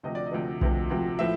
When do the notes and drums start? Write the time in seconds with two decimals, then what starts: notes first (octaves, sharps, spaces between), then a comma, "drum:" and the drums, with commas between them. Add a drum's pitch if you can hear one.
0.03 D2 C3 F3 D#5
0.15 D5
0.26 D#5
0.32 D2 C3 F3
0.61 D2 C3 F3, drum: kick B1
0.90 D2 C3 F3
1.19 A2 F3 E5